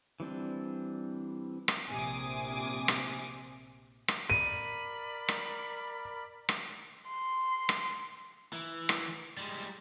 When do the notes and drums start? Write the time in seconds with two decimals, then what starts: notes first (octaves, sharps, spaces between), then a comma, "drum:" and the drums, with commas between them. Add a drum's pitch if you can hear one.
0.20 E3 G3 C4 D4
1.68 drum: rim click
1.88 A#1 C3 G#5 D6 D#6
2.88 drum: rim click
4.08 drum: rim click
4.30 A#4 D5 B5 D#7
5.28 drum: rim click
6.49 drum: rim click
7.09 C6
7.69 drum: rim click
8.53 E3
8.89 drum: rim click
9.37 G3 G#3